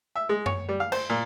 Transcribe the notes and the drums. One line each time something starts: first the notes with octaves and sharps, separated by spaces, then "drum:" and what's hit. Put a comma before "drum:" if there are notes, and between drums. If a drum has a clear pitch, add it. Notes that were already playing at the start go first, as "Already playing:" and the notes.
E5
G#3
C#5, drum: tom F#2
G3
F5
C5, drum: cymbal
A#2